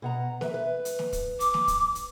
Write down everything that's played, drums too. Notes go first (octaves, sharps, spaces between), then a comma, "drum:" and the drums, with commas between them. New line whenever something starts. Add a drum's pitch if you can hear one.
B2 F#5 A#5
B4 E5, drum: snare
B4
drum: hi-hat
drum: snare
drum: kick, hi-hat
D6, drum: hi-hat
drum: snare
drum: kick, hi-hat
drum: hi-hat